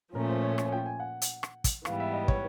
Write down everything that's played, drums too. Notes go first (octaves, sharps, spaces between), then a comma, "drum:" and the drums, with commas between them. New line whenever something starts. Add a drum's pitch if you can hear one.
A#2 F3 A3 C#4 A#4
C5
C#5
C#5, drum: rim click
G#5
G5
G#5
F#5
drum: hi-hat
drum: rim click
drum: kick, hi-hat
G#2 E3 G3 B3 F5, drum: rim click
E5
D#5
C#5, drum: kick